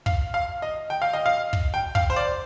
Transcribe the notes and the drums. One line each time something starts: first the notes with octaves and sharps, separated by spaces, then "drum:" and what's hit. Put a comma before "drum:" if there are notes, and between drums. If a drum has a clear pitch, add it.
F5, drum: kick
F5
D#5
G5
F5
D#5
F5
drum: kick
G5
F5, drum: kick
C5
D5